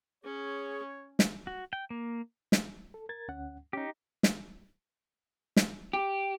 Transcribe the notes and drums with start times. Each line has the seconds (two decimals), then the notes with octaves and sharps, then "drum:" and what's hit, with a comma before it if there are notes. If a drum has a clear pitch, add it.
0.24 C#4 G#4 C#5
1.19 drum: snare
1.47 F#4
1.73 G5
1.90 A#3
2.52 drum: snare
2.94 A4
3.09 A#4 G#6 A6
3.28 D2 C#4 F#5
3.73 C#4 D#4 G4
4.23 drum: snare
5.57 drum: snare
5.93 G4